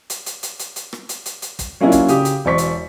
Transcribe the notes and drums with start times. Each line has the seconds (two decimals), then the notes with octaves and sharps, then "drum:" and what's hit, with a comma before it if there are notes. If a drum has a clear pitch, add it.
0.10 drum: hi-hat
0.26 drum: hi-hat
0.43 drum: hi-hat
0.59 drum: hi-hat
0.76 drum: hi-hat
0.93 drum: rim click
1.09 drum: hi-hat
1.26 drum: hi-hat
1.42 drum: hi-hat
1.59 drum: kick, hi-hat
1.80 F#3 A#3 C#4 D4 E4 F4
1.92 drum: kick, hi-hat
2.08 C#3 G4 D#6, drum: hi-hat
2.25 drum: hi-hat
2.45 E1 C5 D5 C#6 B6
2.58 drum: hi-hat